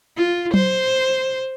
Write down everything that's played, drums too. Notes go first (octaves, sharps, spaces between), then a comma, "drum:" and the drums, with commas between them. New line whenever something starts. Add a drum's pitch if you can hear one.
F4
C5, drum: tom F#3